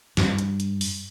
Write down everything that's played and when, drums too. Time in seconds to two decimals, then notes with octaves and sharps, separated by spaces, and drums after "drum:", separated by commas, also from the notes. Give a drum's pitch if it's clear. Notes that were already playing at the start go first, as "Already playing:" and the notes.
0.17 G2, drum: snare
0.38 drum: hi-hat
0.60 drum: hi-hat
0.81 drum: open hi-hat